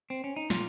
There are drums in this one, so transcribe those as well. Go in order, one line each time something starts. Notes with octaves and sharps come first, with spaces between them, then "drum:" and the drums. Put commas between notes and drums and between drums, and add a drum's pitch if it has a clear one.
C4
C#4
D#4
A#2 F4, drum: snare